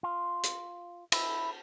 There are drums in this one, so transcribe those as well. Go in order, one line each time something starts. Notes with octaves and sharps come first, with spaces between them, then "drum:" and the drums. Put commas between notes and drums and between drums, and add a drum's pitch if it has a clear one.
F4
drum: hi-hat
E4, drum: cymbal